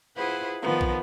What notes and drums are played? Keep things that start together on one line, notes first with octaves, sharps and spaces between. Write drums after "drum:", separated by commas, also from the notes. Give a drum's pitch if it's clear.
E4 F4 G#4 B4 C5 F#5
D#3 F3 B3
drum: kick